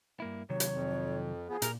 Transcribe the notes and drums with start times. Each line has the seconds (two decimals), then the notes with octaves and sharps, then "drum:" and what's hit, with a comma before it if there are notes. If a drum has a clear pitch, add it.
0.20 G2 A#3 E4
0.50 D#2 C3 D#3 F#3 C#5
0.60 drum: hi-hat
0.71 F2
1.48 F3 B3 G#4
1.62 A#2 A#4 A#5, drum: hi-hat